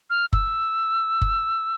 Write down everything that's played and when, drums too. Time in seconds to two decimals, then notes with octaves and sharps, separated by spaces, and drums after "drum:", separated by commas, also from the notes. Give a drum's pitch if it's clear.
0.10 F6
0.33 E6, drum: kick F#1
1.21 drum: kick F#1